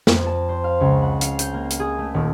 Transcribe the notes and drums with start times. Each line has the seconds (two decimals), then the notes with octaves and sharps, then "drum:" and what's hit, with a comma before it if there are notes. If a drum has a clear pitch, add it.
0.07 F2, drum: snare
0.26 A5
0.49 C5
0.64 F5
0.80 C#2
1.02 F#5
1.21 F5, drum: hi-hat
1.39 G6, drum: hi-hat
1.54 A#3
1.70 drum: hi-hat
1.80 G#4
1.98 A3
2.14 D#1